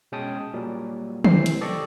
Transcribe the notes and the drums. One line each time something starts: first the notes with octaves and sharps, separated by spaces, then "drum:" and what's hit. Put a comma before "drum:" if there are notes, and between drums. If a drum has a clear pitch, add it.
B2 G#3 C#4 G5 A5 D#6
A#2 F#3 G3
C3 E3 C5 C7, drum: tom
drum: hi-hat
G4 A4 D5 D#5 A5 C#6